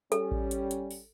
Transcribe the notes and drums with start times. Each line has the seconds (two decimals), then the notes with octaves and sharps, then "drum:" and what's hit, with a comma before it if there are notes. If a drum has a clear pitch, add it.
0.12 G3 C#4 A4, drum: hi-hat
0.31 drum: kick A1
0.51 drum: hi-hat
0.71 drum: hi-hat
0.91 drum: open hi-hat